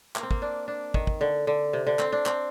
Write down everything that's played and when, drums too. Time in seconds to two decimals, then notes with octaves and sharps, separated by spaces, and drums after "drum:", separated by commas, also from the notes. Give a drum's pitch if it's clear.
0.16 A#3, drum: clap
0.23 C4
0.31 A#3, drum: kick
0.42 D4
0.68 D4
0.94 D#3, drum: kick
1.07 drum: kick
1.21 D3
1.47 D3
1.73 C3
1.87 D3
1.99 C4, drum: clap
2.12 D4
2.26 C4, drum: clap